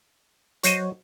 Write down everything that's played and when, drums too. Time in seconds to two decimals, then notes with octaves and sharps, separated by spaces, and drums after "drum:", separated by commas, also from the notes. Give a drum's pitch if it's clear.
0.63 F#3 F#4 C5 C#5 D#5 C#6, drum: hi-hat